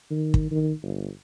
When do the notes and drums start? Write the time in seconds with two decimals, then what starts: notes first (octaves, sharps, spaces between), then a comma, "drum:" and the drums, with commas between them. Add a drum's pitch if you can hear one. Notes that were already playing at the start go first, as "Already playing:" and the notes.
0.11 D#3
0.34 drum: kick
0.51 D#3
0.83 G1